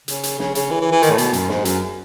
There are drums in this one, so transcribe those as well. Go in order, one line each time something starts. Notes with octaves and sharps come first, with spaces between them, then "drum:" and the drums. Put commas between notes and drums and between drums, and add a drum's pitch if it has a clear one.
C#3, drum: hi-hat
drum: hi-hat
C#3, drum: snare
C#3, drum: hi-hat
E3
E3
E3
D#3, drum: hi-hat
A2
B2, drum: hi-hat
F#2, drum: hi-hat
G#2, drum: snare
F#2, drum: hi-hat